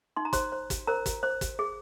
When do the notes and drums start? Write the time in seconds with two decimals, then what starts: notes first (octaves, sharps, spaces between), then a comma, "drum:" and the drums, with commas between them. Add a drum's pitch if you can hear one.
0.16 D#4 C6
0.25 A#5
0.33 C5 C6, drum: kick, hi-hat
0.52 C5
0.70 drum: kick, hi-hat
0.87 A#4 C5 A#5
1.06 drum: kick, hi-hat
1.23 C5
1.41 drum: kick, hi-hat
1.59 G#4